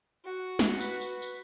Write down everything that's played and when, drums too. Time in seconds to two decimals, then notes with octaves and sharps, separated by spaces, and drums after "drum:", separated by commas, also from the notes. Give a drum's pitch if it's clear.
0.25 F#4
0.59 drum: snare
0.80 B4, drum: tambourine
1.01 drum: tambourine
1.22 drum: tambourine